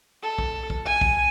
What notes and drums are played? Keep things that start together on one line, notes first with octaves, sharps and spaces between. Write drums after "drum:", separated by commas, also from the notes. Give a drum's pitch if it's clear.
A4
drum: kick
drum: kick
G#5
drum: kick